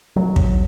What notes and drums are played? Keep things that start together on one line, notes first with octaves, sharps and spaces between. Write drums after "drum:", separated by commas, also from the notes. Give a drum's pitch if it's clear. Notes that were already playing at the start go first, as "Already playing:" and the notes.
F#3
drum: kick